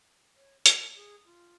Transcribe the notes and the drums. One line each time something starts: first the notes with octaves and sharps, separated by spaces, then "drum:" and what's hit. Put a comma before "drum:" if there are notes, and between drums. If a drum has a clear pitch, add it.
C#5
A#4, drum: hi-hat
G#4
F4